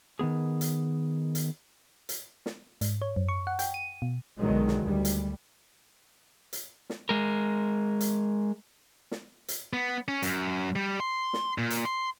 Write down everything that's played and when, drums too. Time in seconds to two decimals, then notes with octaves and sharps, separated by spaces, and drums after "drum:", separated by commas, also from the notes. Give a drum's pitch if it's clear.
0.19 D#3 E3 B3 G#4
0.61 drum: hi-hat
1.35 drum: hi-hat
2.09 drum: hi-hat
2.46 drum: snare
2.81 G#2, drum: hi-hat
3.02 C#5
3.16 F#2
3.29 C#6
3.47 F#5
3.59 G5, drum: hi-hat
3.74 D#7
4.02 B2
4.38 B1 D3 D#3 F#3 G#3
4.68 drum: snare
4.82 D2 G3
5.05 drum: hi-hat
6.53 drum: hi-hat
6.90 drum: snare
7.09 G#3 A#4
8.01 drum: hi-hat
9.11 drum: snare
9.48 drum: hi-hat
9.73 B3
10.08 C#4
10.22 F#2, drum: hi-hat
10.76 G3
11.00 C6
11.33 drum: snare
11.58 A#2
11.70 drum: hi-hat
11.85 C6